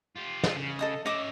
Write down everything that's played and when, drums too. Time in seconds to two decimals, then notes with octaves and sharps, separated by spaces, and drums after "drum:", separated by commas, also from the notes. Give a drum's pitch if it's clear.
0.17 F4 G4
0.44 drum: snare
0.57 C#3
0.79 A4 D#5 D#6
1.06 C#4 D#5 E5 D6